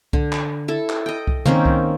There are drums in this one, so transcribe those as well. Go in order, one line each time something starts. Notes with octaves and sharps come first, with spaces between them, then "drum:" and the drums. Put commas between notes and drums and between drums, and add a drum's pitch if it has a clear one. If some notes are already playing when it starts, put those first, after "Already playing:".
D3, drum: kick C2
drum: clap
E4 A4
drum: clap
D#5 G5
drum: kick C2
D#3 A#3 C4 C#4, drum: tom
drum: kick C2